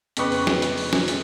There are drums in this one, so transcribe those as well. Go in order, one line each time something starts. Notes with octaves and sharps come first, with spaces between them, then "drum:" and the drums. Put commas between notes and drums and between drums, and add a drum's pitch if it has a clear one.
F2 C#3 B3 B4 C#6 D6, drum: hi-hat
drum: open hi-hat
drum: snare
drum: hi-hat
drum: open hi-hat
drum: snare
drum: hi-hat